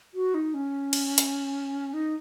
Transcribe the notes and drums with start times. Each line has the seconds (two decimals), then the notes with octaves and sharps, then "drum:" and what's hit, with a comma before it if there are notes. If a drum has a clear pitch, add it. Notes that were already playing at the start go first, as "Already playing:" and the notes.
0.14 F#4
0.34 D#4
0.54 C#4
0.93 drum: cymbal
1.18 drum: hi-hat
1.94 D#4